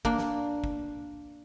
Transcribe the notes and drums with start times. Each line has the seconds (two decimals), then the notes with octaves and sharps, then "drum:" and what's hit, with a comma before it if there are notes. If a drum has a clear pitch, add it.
0.05 A#3 D4, drum: kick
0.18 drum: snare
0.64 drum: kick